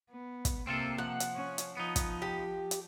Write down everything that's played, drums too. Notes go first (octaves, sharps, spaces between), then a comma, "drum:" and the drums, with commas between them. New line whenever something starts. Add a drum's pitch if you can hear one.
B3
drum: kick, hi-hat
C3 A#3 C4 F4 A4
F3 F#5
drum: hi-hat
C#4
drum: hi-hat
F3 B3 D#4
drum: kick, hi-hat
G4
drum: hi-hat